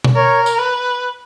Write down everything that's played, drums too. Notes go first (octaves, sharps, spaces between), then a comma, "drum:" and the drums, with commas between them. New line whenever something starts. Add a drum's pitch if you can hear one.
drum: tom B2
A#4 C#5
drum: tambourine
B4